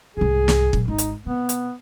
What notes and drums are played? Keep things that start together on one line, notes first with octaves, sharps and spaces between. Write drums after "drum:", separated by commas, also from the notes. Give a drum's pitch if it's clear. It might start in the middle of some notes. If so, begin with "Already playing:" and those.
C2 G#2 G#4
drum: snare
A#2 F#3, drum: kick
G#1 D#4
drum: hi-hat
C3 B3
drum: hi-hat